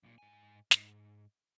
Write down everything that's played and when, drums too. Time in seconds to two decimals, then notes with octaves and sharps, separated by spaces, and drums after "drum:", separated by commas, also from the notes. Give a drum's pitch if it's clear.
0.03 B1 A#2
0.18 G#2 G#5
0.71 G#2, drum: snare